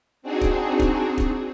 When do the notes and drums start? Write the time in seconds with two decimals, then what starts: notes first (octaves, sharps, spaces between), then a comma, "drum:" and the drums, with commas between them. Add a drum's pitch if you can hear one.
0.22 C4 D4 D#4 F#4 G#4
0.41 drum: kick
0.79 drum: kick
1.18 drum: kick